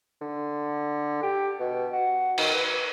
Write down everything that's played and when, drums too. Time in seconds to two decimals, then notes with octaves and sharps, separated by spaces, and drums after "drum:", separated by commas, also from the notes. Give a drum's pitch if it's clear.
0.22 D3
1.23 G4
1.60 B2
1.93 F#4
2.38 D#3, drum: cymbal
2.54 B4